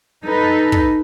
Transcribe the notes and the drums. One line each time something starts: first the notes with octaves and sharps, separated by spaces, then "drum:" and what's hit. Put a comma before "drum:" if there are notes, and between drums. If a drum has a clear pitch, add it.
D#4 A4 B4
drum: kick